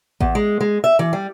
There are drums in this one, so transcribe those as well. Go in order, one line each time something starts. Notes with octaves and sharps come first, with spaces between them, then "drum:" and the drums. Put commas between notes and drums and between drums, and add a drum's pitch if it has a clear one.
E2, drum: kick A1
G#3
G#3
E5
E3
G3